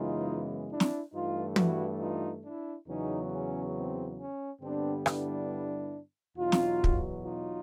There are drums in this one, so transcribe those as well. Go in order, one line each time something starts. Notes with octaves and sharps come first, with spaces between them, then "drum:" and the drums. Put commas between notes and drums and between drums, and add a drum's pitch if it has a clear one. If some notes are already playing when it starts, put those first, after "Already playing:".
Already playing: F#2 C#3 E3 G#3 B3 D#4 F4
D4 E4
drum: snare
G2 E3 A3 D#4 F4
E4 F#4, drum: tom
D#4 F4
D4 E4
E2 C#3 F#3 B3 C#4 D#4
C#4
C4
C#4
G2 D3 G3 B3 C4 D4
D4 E4, drum: rim click
E2 B2 F#3 D#4 F4
drum: snare
drum: kick
D#4 F4